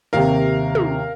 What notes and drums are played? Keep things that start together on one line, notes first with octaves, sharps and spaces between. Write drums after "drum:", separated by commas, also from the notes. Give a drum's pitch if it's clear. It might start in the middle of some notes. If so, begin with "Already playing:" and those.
D#2 C3 A#4 F5
drum: tom